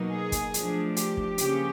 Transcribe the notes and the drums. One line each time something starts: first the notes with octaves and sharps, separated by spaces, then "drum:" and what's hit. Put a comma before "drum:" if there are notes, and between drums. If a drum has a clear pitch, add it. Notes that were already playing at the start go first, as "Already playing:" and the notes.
Already playing: B2 F#3 A#3 D#4
G#4
drum: kick, hi-hat
F3 A3 D4, drum: hi-hat
G4, drum: hi-hat
drum: kick
C#3 F3 A#3 C#4 G4, drum: hi-hat